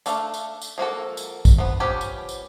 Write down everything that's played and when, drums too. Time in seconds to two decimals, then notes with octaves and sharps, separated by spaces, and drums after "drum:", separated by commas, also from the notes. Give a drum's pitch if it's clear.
0.06 A3 D4 A4 F5, drum: tambourine
0.34 drum: tambourine
0.61 drum: tambourine
0.78 F3 A#3 F#4 A4
1.17 drum: tambourine
1.45 drum: kick, tambourine
1.58 F3 B3
1.80 F3 B3 C#4 G4
2.01 drum: tambourine
2.29 drum: tambourine